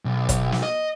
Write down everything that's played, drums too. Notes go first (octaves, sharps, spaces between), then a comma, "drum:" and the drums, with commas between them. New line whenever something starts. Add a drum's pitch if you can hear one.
B1
drum: kick, hi-hat
drum: snare
D#5